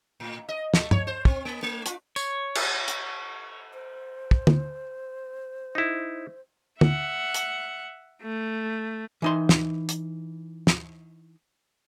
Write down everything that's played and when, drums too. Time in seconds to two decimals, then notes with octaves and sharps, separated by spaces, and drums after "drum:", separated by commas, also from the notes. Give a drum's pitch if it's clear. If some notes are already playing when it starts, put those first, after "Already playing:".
0.20 A2
0.49 D#5
0.74 A3, drum: snare
0.91 C#5, drum: tom
1.07 C5
1.25 C4, drum: kick
1.45 A#3
1.63 A3
1.86 F4, drum: hi-hat
2.16 C#5, drum: tambourine
2.55 drum: cymbal
2.88 drum: hi-hat
3.73 C5
4.31 drum: kick
4.47 drum: tom
5.75 D#4 E4
6.81 E5 F#5, drum: tom
7.34 drum: hi-hat
8.22 A3
9.22 E3 D#4 C6
9.49 drum: snare
9.89 drum: hi-hat
10.67 drum: snare